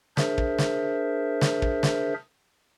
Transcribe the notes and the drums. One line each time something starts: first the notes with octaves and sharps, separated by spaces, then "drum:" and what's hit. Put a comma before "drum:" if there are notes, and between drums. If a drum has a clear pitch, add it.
D4 G#4 A#4 C5 E5, drum: snare
drum: kick
drum: snare
drum: snare
drum: kick
drum: snare